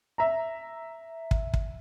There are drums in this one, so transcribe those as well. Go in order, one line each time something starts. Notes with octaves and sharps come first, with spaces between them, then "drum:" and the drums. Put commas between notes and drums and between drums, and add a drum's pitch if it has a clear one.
E5 A#5
drum: kick
drum: kick